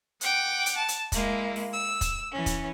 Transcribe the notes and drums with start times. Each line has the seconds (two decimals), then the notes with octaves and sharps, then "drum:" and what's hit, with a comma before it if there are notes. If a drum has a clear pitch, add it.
0.21 F#5 G5 D6, drum: hi-hat
0.66 drum: hi-hat
0.77 A5
0.88 drum: hi-hat
1.12 G#3 A#3 E4, drum: kick, hi-hat
1.56 drum: open hi-hat
1.72 E6
2.01 drum: kick, hi-hat
2.31 E3 C#4
2.46 drum: kick, hi-hat